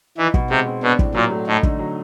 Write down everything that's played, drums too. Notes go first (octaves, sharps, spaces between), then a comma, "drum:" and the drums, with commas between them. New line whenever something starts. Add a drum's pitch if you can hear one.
E3 D#4
B2, drum: kick
C3 G#3
C4
B2 D4
A2, drum: kick
A#2 F#3
A3
A2 D#4
D3, drum: kick
F#3